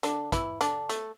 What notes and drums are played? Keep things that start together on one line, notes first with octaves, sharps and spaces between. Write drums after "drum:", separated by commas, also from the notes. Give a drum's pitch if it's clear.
D3 D4, drum: hi-hat
E3 E4, drum: kick, hi-hat
D3 D4, drum: hi-hat
A3, drum: hi-hat